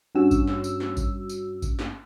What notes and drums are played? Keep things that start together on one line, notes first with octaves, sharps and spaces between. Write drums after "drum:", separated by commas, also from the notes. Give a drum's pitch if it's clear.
G2 C#4 F#4 E6
drum: kick G#1, tambourine
drum: snare
drum: tambourine
drum: snare
drum: kick G#1, tambourine
drum: tambourine
drum: kick G#1, tambourine
drum: snare